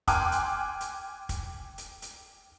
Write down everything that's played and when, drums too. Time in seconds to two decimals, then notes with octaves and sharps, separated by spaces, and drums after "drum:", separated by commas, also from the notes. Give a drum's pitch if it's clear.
0.08 G5 G#5 C6 D6 F6 F#6, drum: kick, hi-hat
0.32 drum: hi-hat
0.81 drum: hi-hat
1.29 drum: kick, hi-hat
1.78 drum: hi-hat
2.02 drum: hi-hat